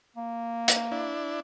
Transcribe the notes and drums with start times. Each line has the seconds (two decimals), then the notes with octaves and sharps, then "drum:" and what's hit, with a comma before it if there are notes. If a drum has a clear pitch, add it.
0.17 A#3
0.68 drum: hi-hat
0.92 D4 E4